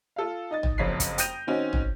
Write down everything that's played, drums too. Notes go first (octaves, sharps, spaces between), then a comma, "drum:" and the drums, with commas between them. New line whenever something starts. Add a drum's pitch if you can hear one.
F4 A4 F5
D#4 D#5 A6
drum: tom
F#1 F2 C#5 B6 C7
drum: kick, hi-hat
G5 D#6 G6 A#6 D#7 F7, drum: hi-hat
D#3 C4 C#4 D#4 F#4
drum: tom